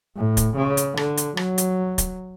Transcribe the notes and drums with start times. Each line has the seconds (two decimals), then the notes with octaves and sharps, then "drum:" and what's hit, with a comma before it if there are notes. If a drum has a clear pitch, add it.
0.17 A2
0.37 drum: kick, hi-hat
0.57 C#3
0.77 drum: hi-hat
0.97 D3, drum: rim click
1.17 drum: hi-hat
1.37 F#3, drum: rim click
1.58 drum: hi-hat
1.98 drum: kick, hi-hat